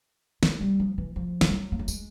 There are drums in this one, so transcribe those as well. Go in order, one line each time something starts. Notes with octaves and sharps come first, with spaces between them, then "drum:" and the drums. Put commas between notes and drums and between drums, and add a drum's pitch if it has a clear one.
G#3, drum: snare
G3
F3
E3
F3
G3, drum: snare
F#3
A#3
A3
G#3, drum: tambourine